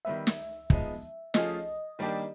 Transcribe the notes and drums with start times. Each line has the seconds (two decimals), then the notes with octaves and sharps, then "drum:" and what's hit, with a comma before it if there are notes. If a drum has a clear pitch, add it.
0.05 D#3 G3 B3 E5
0.27 drum: snare
0.70 F3 G#3 B3 D#4, drum: kick
1.34 F3 A3 C#4 F4 G#4 D#5, drum: snare
1.99 D#3 G3 A#3 D4 G4